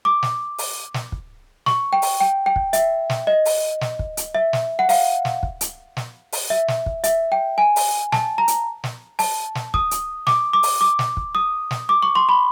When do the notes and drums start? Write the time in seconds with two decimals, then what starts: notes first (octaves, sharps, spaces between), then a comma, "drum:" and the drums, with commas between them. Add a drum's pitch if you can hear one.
0.05 D6
0.23 drum: snare
0.58 drum: open hi-hat
0.94 drum: snare
1.12 drum: kick
1.66 C#6, drum: snare
1.93 G5
2.02 drum: open hi-hat
2.20 G5
2.46 G5
2.56 drum: kick
2.73 E5, drum: hi-hat
3.10 drum: snare
3.27 D#5
3.45 drum: open hi-hat
3.81 drum: snare
3.99 drum: kick
4.17 drum: hi-hat
4.35 E5
4.53 drum: snare
4.79 F#5
4.89 F5, drum: open hi-hat
5.25 drum: snare
5.43 drum: kick
5.61 drum: hi-hat
5.97 drum: snare
6.32 drum: open hi-hat
6.50 E5
6.68 drum: snare
6.86 drum: kick
7.04 E5, drum: hi-hat
7.32 G5
7.58 G#5
7.76 drum: open hi-hat
8.12 A5, drum: snare
8.38 A#5
8.48 drum: hi-hat
8.84 drum: snare
9.19 A5, drum: open hi-hat
9.55 drum: snare
9.74 D#6, drum: kick
9.91 drum: hi-hat
10.27 D6, drum: snare
10.53 D6
10.63 drum: open hi-hat
10.81 D6
10.99 drum: snare
11.17 drum: kick
11.35 D#6
11.71 drum: snare
11.89 D6
12.03 C#6
12.15 C6
12.29 B5